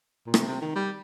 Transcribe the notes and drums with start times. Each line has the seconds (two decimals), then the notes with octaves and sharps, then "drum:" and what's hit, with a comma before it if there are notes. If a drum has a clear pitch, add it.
0.26 A#2
0.34 C3, drum: rim click
0.47 C3
0.62 D#3
0.76 G3